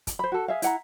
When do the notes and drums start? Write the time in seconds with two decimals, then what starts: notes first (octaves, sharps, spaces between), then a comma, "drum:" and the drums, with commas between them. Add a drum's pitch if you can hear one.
0.07 drum: kick, hi-hat
0.19 C5 B5
0.32 F#4 A4
0.48 G#4 E5 F5
0.62 E4 F#5 A#5, drum: hi-hat